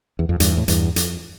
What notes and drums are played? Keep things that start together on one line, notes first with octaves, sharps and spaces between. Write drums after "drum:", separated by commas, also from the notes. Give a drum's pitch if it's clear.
E2
F2
E2 G2, drum: hi-hat
A2
E2 G2, drum: hi-hat
F2, drum: hi-hat